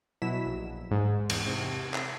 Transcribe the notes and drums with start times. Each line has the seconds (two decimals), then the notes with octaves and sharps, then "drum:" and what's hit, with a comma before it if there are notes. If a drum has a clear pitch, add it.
0.22 B2 F#3 E4 B6 E7
0.46 A#1
0.91 G#2
1.30 E2, drum: cymbal
1.47 C3
1.94 C7, drum: clap